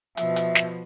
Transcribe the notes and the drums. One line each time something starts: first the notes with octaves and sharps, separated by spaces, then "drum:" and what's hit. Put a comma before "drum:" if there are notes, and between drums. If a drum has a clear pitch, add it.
B2 F3 E5, drum: hi-hat
drum: hi-hat
drum: snare